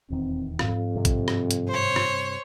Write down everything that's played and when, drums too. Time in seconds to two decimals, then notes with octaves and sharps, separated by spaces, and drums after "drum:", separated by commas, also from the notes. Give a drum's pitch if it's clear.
0.10 D#1 E2 D#3 C4
0.59 F2 G#2 F5, drum: rim click
0.95 G2 C3
1.05 drum: kick, hi-hat
1.28 drum: rim click
1.51 drum: hi-hat
1.68 C5 C#5
1.96 drum: rim click